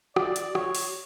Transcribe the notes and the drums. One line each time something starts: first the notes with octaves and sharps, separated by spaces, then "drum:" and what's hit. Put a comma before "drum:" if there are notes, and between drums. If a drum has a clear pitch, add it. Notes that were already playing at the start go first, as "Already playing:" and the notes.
D5, drum: rim click
drum: hi-hat
C#5, drum: rim click
drum: open hi-hat